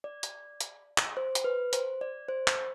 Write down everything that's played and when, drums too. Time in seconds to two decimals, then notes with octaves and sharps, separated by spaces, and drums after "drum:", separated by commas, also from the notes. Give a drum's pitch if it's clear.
0.04 D5
0.23 drum: hi-hat
0.61 drum: hi-hat
0.98 drum: clap
1.17 C5
1.35 drum: hi-hat
1.44 B4
1.73 C5, drum: hi-hat
2.01 D5
2.29 C5
2.48 drum: clap